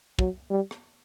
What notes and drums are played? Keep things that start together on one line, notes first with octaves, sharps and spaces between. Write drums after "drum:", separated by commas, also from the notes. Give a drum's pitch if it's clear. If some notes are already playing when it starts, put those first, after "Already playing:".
F#3, drum: kick
G3
drum: rim click